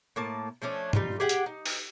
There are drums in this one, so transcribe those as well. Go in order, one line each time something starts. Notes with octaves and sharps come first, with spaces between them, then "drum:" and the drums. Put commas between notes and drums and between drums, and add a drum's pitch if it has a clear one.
A2 A#3 A5
F3 A3 C#4 D4
G3 D#4 F4, drum: tom
G4 G#4 F#5 G5
drum: hi-hat
D#4
drum: open hi-hat